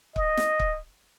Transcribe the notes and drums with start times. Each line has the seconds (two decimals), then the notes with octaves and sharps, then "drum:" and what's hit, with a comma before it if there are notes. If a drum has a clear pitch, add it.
0.16 D#5, drum: kick
0.37 drum: snare
0.59 drum: kick